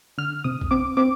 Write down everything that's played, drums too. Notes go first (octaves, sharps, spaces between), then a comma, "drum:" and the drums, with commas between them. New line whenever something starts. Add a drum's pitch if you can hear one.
D3 F6
C3 D#6
drum: kick
C4 D6
C4 D6